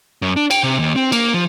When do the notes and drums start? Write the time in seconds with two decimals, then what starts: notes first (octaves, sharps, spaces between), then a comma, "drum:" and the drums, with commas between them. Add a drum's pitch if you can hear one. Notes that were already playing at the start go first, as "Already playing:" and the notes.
0.22 F#2
0.36 D4
0.51 G5, drum: cymbal
0.64 C3
0.79 D#2
0.96 C4
1.12 A#3, drum: cymbal
1.34 F3